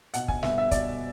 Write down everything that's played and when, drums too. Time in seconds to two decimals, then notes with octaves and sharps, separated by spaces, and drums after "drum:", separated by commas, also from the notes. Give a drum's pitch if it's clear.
0.14 B2 F#5, drum: hi-hat
0.28 G#5, drum: kick
0.43 G3 B3 E5, drum: snare
0.58 E5
0.71 B2 D5, drum: kick, hi-hat